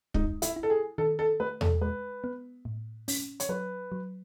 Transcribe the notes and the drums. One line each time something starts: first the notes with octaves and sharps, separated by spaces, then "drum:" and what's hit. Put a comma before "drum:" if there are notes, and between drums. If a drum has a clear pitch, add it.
G#3 D#4, drum: kick
E4, drum: hi-hat
E4
A4
G#4
D#3 A4
A4
A3 B4
A4, drum: tom E2
G#3 B4
B3
A2
C#4, drum: open hi-hat
C#5, drum: hi-hat
F#3 B4
F#3